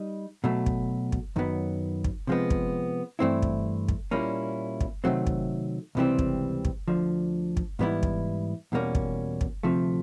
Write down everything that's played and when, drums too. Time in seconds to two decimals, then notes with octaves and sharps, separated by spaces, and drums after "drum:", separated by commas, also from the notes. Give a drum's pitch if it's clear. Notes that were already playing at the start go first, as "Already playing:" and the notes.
Already playing: G3 D#4
0.44 B2 F#3 A3
0.66 drum: kick
1.12 drum: kick
1.36 F#2 D#3 F#3 B3
2.04 drum: kick
2.27 C3 F3 G#3 B3
2.50 drum: kick
3.19 G2 E3 A3 C4 E4
3.43 drum: kick
3.89 drum: kick
4.11 A#2 G3 A#3 C#4 E4
4.81 drum: kick
5.04 C3 D#3 F#3 A3 C4
5.27 drum: kick
5.95 C#2 C3 E3 G3 C4
6.19 drum: kick
6.65 drum: kick
6.88 D2 D3 F3
7.57 drum: kick
7.79 G#2 E3 G3 B3 E4
8.03 drum: kick
8.72 E2 B2 G3 A#3 C#4
8.95 drum: kick
9.41 drum: kick
9.63 D2 C3 F3 A3